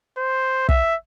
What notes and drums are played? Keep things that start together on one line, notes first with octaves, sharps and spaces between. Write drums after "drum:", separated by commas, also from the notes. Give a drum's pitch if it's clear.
C5
E5, drum: kick